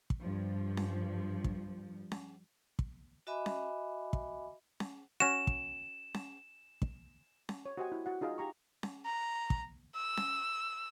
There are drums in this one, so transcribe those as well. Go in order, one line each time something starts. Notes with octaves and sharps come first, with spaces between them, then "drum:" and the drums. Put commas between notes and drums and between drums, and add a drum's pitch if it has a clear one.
drum: kick
G2 F3
drum: snare C#4
drum: kick
drum: snare C#4
drum: kick
F#4 D#5 E5 G#5 B5 D6
drum: snare C#4
drum: kick
drum: snare C#4
C#4 F#4 E7
drum: kick
drum: snare C#4
drum: kick
drum: snare C#4
C#5
F#4 G4 C5 D#5 F#5 G#5
E4
F#4 F#5
D#4 F4 G#4 D#5 F5
G4 A#5 C#6
drum: snare C#4
A#5
drum: kick
E6
drum: snare C#4